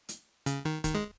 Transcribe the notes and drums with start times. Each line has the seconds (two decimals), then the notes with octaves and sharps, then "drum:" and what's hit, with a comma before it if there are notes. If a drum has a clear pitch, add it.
0.09 drum: hi-hat
0.46 C#3, drum: hi-hat
0.65 D#3
0.84 D#3, drum: kick, hi-hat
0.94 G#3